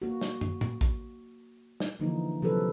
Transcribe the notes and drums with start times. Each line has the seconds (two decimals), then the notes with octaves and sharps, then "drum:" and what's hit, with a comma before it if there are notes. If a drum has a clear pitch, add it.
0.02 A#3 F#4
0.21 drum: snare
0.41 drum: tom
0.61 drum: tom A2
0.81 drum: kick A1
1.80 drum: snare
2.00 D3 E3 F3 A#3 D#4
2.42 C3 F3 F#3 G#4 A4 B4